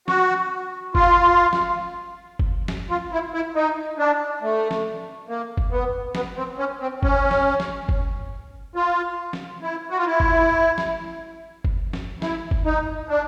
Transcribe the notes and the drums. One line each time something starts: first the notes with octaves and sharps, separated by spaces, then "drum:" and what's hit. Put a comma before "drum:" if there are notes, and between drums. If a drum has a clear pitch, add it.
F#4, drum: snare
F4, drum: kick
drum: snare
drum: kick
drum: snare
F4
E4
E4
D#4
D4
A3
drum: snare
A#3
drum: kick
B3
B3, drum: snare
C4
C#4
C4
C#4, drum: kick
drum: snare
drum: snare
drum: kick
F4
drum: snare
E4
F#4
F4
E4
drum: kick
drum: snare
drum: kick
drum: snare
E4, drum: snare
drum: kick
D#4
D4